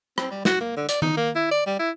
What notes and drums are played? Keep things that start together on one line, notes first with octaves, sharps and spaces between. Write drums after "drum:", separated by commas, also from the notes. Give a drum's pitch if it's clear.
C4, drum: rim click
G3
F#4, drum: snare
A#3
D3
D5, drum: hi-hat
D#4, drum: tom D#3
A#3
E4
D5
G3
E4